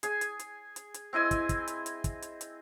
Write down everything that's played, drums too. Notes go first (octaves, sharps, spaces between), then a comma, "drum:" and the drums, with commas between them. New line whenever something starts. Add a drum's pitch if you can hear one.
G#4 G#5, drum: hi-hat
drum: hi-hat
drum: hi-hat
drum: hi-hat
drum: hi-hat
C4 E4 D#5 G#5
drum: kick, hi-hat
drum: kick, hi-hat
drum: hi-hat
drum: hi-hat
drum: kick, hi-hat
drum: hi-hat
drum: hi-hat